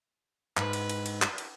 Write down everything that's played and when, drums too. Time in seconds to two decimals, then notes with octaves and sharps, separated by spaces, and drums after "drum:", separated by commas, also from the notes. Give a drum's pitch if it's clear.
0.57 G#2 B4, drum: clap
0.73 drum: cymbal
0.89 drum: cymbal
1.06 drum: cymbal
1.22 drum: clap
1.38 drum: cymbal